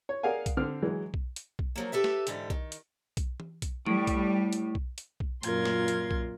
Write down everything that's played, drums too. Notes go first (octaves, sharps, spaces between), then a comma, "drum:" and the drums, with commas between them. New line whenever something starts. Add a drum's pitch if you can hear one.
C#5
G#4 A#4 D5 F5 F#5 G#5
drum: kick B1, hi-hat
D3 C4 F6
E3 F#3 G#3
drum: kick B1
drum: hi-hat
drum: kick B1
F3 F#3 A#3
G4 A4 B4 E5
drum: snare
G#2 D3 E3 G4, drum: hi-hat
D#3, drum: kick B1
drum: hi-hat
drum: kick B1, hi-hat
drum: tom E3
drum: kick B1, hi-hat
A2 G3, drum: tom E3
drum: kick B1, hi-hat
drum: hi-hat
drum: kick B1
drum: hi-hat
drum: kick B1
F#2 A#2 F4 A#4 C6 G#6, drum: hi-hat
drum: snare
drum: hi-hat
drum: kick B1